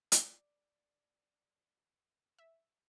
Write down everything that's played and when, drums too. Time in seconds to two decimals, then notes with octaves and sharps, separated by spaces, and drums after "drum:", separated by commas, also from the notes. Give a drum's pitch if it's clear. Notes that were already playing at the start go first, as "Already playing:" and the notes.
0.12 D5, drum: hi-hat
2.39 E5